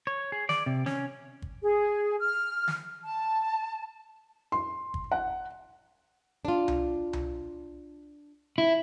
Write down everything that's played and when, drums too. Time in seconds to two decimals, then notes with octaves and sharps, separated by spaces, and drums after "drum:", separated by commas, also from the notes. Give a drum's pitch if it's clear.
0.07 C#5
0.32 G#4
0.49 D5, drum: snare
0.66 C3
0.86 C#4, drum: snare
1.42 drum: kick G1
1.63 G#4
2.19 F6
2.68 drum: snare
3.03 A5
4.52 C6
4.94 drum: kick G1
5.11 F#5
6.45 D4 F4
6.68 drum: tom C2
7.13 drum: tom C2
8.58 E4